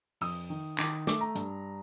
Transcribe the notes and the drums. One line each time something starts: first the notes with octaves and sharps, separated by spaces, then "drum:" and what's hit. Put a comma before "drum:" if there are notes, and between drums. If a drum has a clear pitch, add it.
F2 D#6, drum: open hi-hat
D#3
D#3 D6, drum: clap
A3 D6, drum: snare
A#5
G2, drum: hi-hat